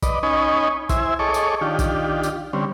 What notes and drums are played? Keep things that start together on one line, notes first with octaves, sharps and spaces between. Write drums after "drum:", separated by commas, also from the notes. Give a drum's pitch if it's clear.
B4 D5 D#5, drum: kick B1, tambourine
C#4 D#4 D#5 G#5 B5 C#6
E4 C5 E5 G#5, drum: kick B1, tambourine
G#4 A4 C#5 D#5 C#6 D6
drum: tambourine
D#3 D4 F4 G4
drum: kick B1, tambourine
drum: tambourine
D3 G3 C4 C#4